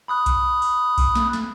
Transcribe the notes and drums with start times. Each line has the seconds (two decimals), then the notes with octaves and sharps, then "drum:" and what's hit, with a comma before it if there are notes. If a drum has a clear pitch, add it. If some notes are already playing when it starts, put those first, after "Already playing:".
0.08 B5 D#6 F#6
0.26 drum: kick B1, hi-hat
0.62 drum: open hi-hat
0.98 drum: kick B1, open hi-hat
1.15 drum: snare
1.33 drum: snare